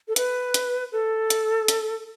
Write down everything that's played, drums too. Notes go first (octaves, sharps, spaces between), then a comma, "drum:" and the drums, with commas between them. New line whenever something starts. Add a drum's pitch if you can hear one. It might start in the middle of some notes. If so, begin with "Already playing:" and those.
A4
B4, drum: hi-hat
drum: hi-hat
A4
drum: hi-hat
drum: hi-hat